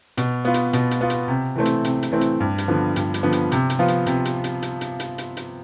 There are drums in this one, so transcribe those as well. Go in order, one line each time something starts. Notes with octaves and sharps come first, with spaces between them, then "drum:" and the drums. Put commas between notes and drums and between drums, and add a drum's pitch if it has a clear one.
B2, drum: hi-hat
B3 F4
drum: hi-hat
B2, drum: hi-hat
drum: hi-hat
B3 F4
drum: hi-hat
C3
E3 A3 C4
drum: hi-hat
C3, drum: hi-hat
drum: hi-hat
E3 A3 C4
drum: hi-hat
G2
drum: hi-hat
D3 F3 B3
G2, drum: hi-hat
drum: hi-hat
D3 F3 B3
drum: hi-hat
C3, drum: hi-hat
drum: hi-hat
F3 B3 F4
drum: hi-hat
C3, drum: hi-hat
drum: hi-hat
drum: hi-hat
drum: hi-hat
drum: hi-hat
drum: hi-hat
drum: hi-hat
drum: hi-hat